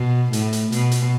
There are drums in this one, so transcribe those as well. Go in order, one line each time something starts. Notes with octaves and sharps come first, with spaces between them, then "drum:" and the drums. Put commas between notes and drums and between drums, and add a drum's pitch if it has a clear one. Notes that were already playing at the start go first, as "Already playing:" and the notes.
Already playing: B2
A2, drum: hi-hat
drum: hi-hat
B2, drum: hi-hat
drum: hi-hat